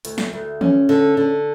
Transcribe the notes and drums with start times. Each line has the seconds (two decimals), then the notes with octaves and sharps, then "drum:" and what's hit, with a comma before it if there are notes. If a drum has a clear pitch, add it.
0.05 D2, drum: hi-hat
0.18 drum: snare
0.33 D2
0.61 C#4, drum: tom D#3
0.89 D3
1.17 D3